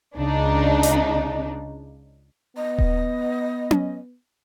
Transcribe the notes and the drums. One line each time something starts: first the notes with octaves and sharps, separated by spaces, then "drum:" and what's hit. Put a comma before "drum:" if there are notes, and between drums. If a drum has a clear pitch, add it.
C#2 C#3 D4 D#4
drum: hi-hat
B3 D#5
drum: kick D#1
drum: tom C#4